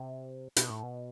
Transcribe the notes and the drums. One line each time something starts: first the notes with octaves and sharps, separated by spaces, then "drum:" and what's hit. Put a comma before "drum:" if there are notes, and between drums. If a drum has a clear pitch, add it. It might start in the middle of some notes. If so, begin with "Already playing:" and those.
Already playing: C3
B2, drum: hi-hat
A2
B2